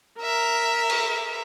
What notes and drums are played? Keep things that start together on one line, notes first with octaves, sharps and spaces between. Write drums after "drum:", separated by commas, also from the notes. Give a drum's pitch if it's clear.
A#4 E5 A#5
drum: cymbal